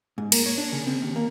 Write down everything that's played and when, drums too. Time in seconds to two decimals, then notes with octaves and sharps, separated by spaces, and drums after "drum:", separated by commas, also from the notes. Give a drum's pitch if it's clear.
0.18 G#2
0.32 A#3, drum: cymbal
0.46 C#5
0.58 D4
0.72 C#3
0.87 C4
1.02 D#2
1.16 A#3